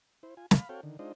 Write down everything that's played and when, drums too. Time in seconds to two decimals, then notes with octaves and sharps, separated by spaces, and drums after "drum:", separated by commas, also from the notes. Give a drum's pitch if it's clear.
0.23 E4 C5
0.37 F4 G#5
0.51 F5 B5, drum: snare
0.69 C4 F#4 A4 C#5 F5 G5
0.83 D3 D#3
0.99 G#3 D4 D#4 F4 C5 D#5